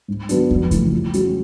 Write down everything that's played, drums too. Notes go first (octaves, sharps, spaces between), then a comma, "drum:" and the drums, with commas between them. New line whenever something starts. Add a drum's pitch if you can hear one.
G#2
D#3 F#3 B3 D4, drum: hi-hat
F2, drum: kick
C#3 E3 A3, drum: kick, hi-hat
F3
G#3 C#4 F#4, drum: hi-hat